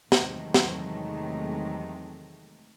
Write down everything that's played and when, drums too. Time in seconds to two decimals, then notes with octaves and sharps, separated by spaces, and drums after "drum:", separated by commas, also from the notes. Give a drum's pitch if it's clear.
0.12 E2 C3 D#3 F#3 G#3 A3, drum: snare
0.54 drum: snare